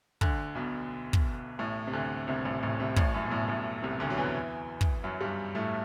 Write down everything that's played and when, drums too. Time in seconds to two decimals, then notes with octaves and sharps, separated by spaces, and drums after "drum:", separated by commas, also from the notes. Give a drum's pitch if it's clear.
0.21 D2 D3, drum: kick
0.55 B1 B2
1.13 drum: kick
1.59 A1 A2
1.87 C3
1.93 D2 D3
2.27 C2 C3
2.45 A1 A2
2.62 A1 A2
2.79 C2 C3
2.96 A1 A2, drum: kick
3.14 F#2
3.26 B2
3.31 A1 A2
3.48 A1 A2
3.83 C2 C3
4.00 D2 D3
4.10 F#3
4.17 E2 E3
4.81 drum: kick
5.04 F#2 F#3
5.21 G2 G3
5.55 A2 A3